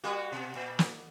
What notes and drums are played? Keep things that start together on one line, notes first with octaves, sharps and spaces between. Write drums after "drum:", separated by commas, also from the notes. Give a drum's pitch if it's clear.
G3 A#3 F#4
B2
A#2
drum: snare